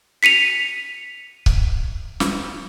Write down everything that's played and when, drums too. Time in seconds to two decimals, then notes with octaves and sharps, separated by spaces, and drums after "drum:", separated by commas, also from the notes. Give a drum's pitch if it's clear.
0.23 B6 C#7 D#7 F7
1.46 drum: kick C#1
2.20 drum: snare